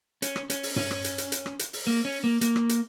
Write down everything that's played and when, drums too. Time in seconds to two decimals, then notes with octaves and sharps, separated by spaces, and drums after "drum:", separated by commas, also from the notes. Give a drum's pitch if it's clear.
0.22 C#4, drum: hi-hat
0.36 drum: rim click
0.50 C#4, drum: hi-hat
0.63 drum: open hi-hat
0.76 C#4, drum: tom G2
0.91 drum: rim click
1.04 drum: hi-hat
1.18 drum: hi-hat
1.32 drum: hi-hat
1.46 drum: rim click
1.59 drum: hi-hat
1.73 drum: open hi-hat
1.87 A#3
2.05 C#4
2.24 A#3
2.41 A#3, drum: hi-hat
2.56 drum: rim click
2.69 drum: hi-hat